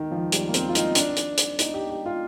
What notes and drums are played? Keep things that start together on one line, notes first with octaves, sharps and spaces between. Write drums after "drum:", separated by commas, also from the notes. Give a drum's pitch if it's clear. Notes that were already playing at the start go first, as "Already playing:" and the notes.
Already playing: D#3
F3
G3, drum: hi-hat
A#3
C4, drum: hi-hat
F4
D#4, drum: hi-hat
D4, drum: hi-hat
drum: hi-hat
drum: hi-hat
D#4, drum: hi-hat
G4
G4
F4